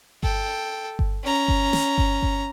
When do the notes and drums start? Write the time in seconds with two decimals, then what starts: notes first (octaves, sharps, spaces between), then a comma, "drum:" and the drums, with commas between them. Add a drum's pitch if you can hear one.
0.23 A4 G5, drum: kick G1
0.99 drum: kick G1
1.24 C#4 A#5
1.48 drum: kick G1
1.73 drum: snare
1.98 drum: kick G1
2.22 drum: kick G1